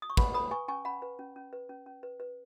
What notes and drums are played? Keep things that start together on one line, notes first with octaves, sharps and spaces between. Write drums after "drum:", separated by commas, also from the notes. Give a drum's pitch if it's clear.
D#6
C#6
B4 F#5 B5, drum: kick
B4 B5 D#6
B4 G#5 C#6
C#4 G#5 C#6
C#4 F#5 B5
B4
C#4
C#4
B4
C#4
C#4
B4
B4